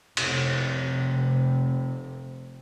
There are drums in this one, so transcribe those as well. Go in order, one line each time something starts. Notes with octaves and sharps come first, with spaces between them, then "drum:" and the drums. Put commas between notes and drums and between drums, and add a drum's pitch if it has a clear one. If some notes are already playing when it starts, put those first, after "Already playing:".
F1 C3, drum: cymbal